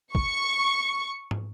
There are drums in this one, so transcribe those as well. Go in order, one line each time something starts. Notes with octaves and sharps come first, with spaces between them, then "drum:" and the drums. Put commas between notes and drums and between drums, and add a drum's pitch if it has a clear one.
C#6, drum: kick
drum: tom